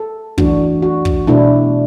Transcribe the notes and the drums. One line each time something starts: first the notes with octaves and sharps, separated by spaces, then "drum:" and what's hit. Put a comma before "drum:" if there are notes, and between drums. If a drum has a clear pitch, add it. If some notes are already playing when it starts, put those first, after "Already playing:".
Already playing: A4
E3 A3 D4 F#4, drum: kick
F#4
drum: kick
B2 A3 D4 E4